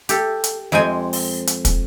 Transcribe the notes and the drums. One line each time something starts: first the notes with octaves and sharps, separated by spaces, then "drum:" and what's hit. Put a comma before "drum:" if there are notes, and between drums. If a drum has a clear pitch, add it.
G4 A4, drum: hi-hat
drum: hi-hat
F2 G#3 C4 G5 G#5
drum: open hi-hat
drum: hi-hat
drum: kick, hi-hat